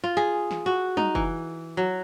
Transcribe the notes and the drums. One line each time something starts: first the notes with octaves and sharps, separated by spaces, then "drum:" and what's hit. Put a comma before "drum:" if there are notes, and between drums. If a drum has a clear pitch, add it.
F4
G#4
drum: snare
F#4
D#4, drum: tom
E3, drum: kick F1
F#3